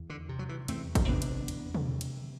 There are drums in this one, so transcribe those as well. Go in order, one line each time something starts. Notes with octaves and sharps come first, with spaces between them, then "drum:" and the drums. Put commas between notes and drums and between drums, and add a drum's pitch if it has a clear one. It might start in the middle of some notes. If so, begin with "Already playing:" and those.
Already playing: E2
D3
C3
F#3
E3
E2 A3 C4, drum: cymbal
drum: kick G#1, cymbal
C3 B3 D4
drum: cymbal
E2, drum: cymbal
drum: tom
C3
drum: cymbal